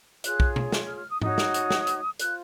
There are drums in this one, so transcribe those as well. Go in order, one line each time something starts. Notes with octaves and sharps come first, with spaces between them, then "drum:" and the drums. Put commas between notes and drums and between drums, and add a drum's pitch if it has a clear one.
F4 G#4 C#5 F#6, drum: hi-hat
drum: kick B1
drum: tom B2
drum: snare
F6
F6
D#6
D#4 F#4 C#5 D#6, drum: tom G#2
drum: snare
drum: hi-hat
drum: snare
drum: hi-hat
F4 C5 F#6, drum: hi-hat